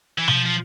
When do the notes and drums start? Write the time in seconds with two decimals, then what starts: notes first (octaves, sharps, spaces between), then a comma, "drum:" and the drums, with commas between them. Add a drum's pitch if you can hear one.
0.18 E3
0.28 F3, drum: tom B2
0.46 F3